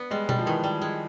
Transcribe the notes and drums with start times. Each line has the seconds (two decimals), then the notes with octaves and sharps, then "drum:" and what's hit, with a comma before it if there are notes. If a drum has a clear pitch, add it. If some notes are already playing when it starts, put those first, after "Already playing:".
Already playing: B3 D4
0.11 G3 G#3
0.29 G3, drum: tom B2
0.39 F3
0.46 D#3 E3
0.64 G3
0.82 G#3